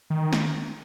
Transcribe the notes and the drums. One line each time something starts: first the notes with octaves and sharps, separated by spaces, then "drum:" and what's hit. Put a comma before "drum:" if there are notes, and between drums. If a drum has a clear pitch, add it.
D#3
drum: snare